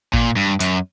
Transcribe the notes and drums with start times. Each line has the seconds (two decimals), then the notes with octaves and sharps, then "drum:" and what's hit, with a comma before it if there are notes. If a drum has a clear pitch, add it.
0.13 A#2, drum: kick
0.36 G2
0.60 F#2, drum: hi-hat